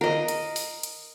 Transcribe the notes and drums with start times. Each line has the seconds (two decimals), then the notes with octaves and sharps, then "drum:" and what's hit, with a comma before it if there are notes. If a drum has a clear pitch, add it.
0.01 A#4 D#5
0.28 drum: hi-hat
0.56 drum: open hi-hat
0.83 drum: hi-hat